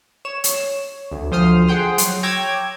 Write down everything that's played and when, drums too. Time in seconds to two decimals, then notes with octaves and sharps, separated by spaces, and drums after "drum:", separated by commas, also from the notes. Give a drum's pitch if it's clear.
0.25 C#5 E7
0.44 drum: hi-hat
1.11 D2
1.31 D2 F3 C5 D#6 F6 C7
1.68 G#4 C5 F#5 G5 C6 D#6
1.98 F#3, drum: hi-hat
2.23 C#5 G5 A#5 D6 E6 G#6